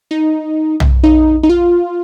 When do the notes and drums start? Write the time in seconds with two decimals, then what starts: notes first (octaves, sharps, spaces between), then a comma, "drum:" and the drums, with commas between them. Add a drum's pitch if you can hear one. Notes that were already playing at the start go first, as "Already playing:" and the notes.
0.11 D#4
0.80 drum: tom
1.03 D#4
1.43 D#4
1.50 F4